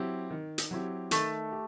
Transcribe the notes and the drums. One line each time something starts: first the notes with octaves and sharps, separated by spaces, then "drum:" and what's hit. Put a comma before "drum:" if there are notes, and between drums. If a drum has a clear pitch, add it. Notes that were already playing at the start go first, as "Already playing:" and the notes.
Already playing: F#3 C4 E4 G4
D#3
drum: hi-hat
F#3 C4 E4 G4
D#3 A3, drum: hi-hat
G4